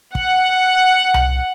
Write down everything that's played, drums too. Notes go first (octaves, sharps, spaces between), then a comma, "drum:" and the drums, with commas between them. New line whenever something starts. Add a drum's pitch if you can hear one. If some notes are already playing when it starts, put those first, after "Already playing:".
F#5, drum: kick
drum: tom C2